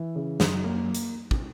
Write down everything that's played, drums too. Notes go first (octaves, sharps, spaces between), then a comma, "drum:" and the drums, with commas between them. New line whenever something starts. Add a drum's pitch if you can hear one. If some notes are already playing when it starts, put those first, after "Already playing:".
Already playing: E3
C#3
F#2, drum: snare
A#3
drum: hi-hat
drum: kick